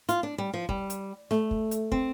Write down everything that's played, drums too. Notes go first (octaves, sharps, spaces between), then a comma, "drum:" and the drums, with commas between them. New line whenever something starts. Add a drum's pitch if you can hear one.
F4, drum: hi-hat
D4
G3
F3
G3, drum: kick
drum: hi-hat
A3, drum: snare
drum: kick
drum: hi-hat
C4, drum: kick